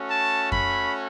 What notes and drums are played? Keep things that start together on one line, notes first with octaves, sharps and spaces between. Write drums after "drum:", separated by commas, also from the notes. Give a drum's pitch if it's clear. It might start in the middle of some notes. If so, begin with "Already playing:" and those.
Already playing: A3 C#4 F#4
A5
B5, drum: kick F2